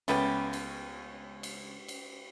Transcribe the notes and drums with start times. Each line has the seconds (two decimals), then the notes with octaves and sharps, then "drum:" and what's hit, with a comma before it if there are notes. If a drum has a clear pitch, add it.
0.08 C#2 A3 B3 C#4 G4, drum: cymbal
0.53 drum: cymbal
1.43 drum: cymbal
1.88 drum: cymbal